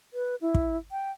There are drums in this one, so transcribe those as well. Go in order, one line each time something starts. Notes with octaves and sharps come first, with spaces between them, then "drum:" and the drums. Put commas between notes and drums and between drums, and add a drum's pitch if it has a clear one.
B4
E4
drum: kick
G5